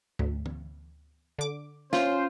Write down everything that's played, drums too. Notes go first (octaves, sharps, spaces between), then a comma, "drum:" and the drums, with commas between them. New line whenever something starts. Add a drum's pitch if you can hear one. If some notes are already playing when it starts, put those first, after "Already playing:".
D2, drum: tom G#2
drum: tom
D3 D6
C#4 F4 C5, drum: snare